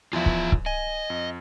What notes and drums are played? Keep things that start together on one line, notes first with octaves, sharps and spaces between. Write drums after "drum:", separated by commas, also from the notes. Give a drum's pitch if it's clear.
E2 F3 F4 E5
drum: kick C#1
drum: kick C#1
D#5 G#5 D#7
F2